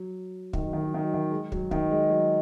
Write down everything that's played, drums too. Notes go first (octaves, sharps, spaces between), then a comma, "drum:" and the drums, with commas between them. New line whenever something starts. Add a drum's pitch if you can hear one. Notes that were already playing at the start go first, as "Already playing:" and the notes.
Already playing: F#3
D#3, drum: kick
F#3
D#3
F#3
D#3
F#3
D#3
G#3
F#3, drum: kick
D#3, drum: kick
G#3
F#3